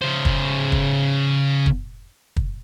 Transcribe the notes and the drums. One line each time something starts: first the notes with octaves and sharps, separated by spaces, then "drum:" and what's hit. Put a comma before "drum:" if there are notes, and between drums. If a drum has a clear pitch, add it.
C#3 C5
drum: kick
drum: kick
drum: kick
drum: kick